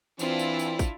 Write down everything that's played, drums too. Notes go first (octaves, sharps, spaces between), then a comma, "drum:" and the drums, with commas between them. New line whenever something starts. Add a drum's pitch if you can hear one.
E3 C4 D4 E4 F4, drum: tambourine
drum: tambourine
drum: tambourine
drum: kick, tambourine